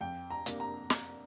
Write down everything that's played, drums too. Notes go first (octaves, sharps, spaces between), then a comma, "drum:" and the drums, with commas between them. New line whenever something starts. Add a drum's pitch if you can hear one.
F2 G5
A#5
C3 A#3 D4, drum: hi-hat
A#5
drum: snare